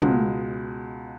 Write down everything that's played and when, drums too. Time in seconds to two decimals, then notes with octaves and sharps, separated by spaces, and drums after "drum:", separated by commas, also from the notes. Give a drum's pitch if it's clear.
0.02 C#2 B2 G#3, drum: tom